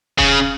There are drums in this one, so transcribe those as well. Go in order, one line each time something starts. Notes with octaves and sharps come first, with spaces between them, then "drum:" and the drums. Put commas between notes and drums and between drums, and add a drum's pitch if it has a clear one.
C#3, drum: kick E1